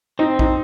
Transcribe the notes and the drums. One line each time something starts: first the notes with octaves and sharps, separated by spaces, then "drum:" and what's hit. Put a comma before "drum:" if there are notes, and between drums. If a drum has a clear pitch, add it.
C4 D#4
D#4, drum: kick A#1